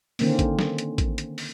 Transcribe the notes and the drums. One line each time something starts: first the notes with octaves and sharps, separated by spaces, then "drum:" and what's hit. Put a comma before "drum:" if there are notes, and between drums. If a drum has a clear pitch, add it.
D3 D#3 A#3 C4 C#4, drum: open hi-hat
drum: kick A1, hi-hat
drum: snare
drum: hi-hat
drum: kick A1, hi-hat
drum: hi-hat
drum: open hi-hat